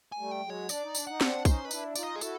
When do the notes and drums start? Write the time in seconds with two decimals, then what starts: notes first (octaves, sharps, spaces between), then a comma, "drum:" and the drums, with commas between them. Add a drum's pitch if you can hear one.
0.12 G#5
0.18 G3 A3
0.31 G5
0.44 F#3 G#3
0.50 C#5
0.69 D4 D5, drum: tambourine
0.83 D#4
0.95 D4, drum: tambourine
1.07 D#4 F#5
1.21 C4 D4, drum: snare
1.45 C#4 D#4 C5, drum: kick, tambourine
1.64 D#4 B4
1.71 D4 E4, drum: tambourine
1.96 D#4 F4 D5, drum: tambourine
2.03 D#5
2.16 G#4
2.21 E4 F#4 A4, drum: tambourine